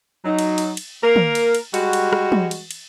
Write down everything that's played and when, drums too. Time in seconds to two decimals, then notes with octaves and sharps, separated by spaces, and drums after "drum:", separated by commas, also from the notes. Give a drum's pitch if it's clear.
0.25 F#3 D#4
0.39 drum: cymbal
0.58 drum: cymbal
0.77 drum: cymbal
1.03 A#3 A#4
1.16 drum: tom
1.35 drum: cymbal
1.55 drum: cymbal
1.74 G3 G#3 F#4, drum: cymbal
1.93 drum: cymbal
2.13 drum: rim click
2.32 drum: tom
2.51 drum: cymbal
2.71 drum: cymbal